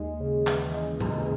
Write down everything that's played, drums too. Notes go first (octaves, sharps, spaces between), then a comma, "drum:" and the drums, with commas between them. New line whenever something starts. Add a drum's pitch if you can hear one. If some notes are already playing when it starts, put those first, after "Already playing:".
Already playing: D#2 G#3
C#3
E3, drum: clap
G#3
D#2, drum: tom A2